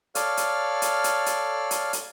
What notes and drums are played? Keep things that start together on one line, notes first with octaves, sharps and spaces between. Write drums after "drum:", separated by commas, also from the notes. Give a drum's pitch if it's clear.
A4 C#5 D5 F5 F6, drum: hi-hat
drum: hi-hat
drum: hi-hat
drum: hi-hat
drum: hi-hat
drum: hi-hat
drum: hi-hat